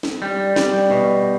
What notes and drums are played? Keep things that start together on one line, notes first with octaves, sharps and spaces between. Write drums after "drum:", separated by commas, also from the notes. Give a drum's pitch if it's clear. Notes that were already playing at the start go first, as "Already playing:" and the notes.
drum: snare
G3
G3, drum: snare
B2